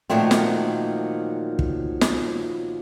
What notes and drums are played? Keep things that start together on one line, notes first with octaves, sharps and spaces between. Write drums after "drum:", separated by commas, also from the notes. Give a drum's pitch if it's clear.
A#2 D#3 F3 F#3 A3 C4
drum: snare
drum: kick
drum: snare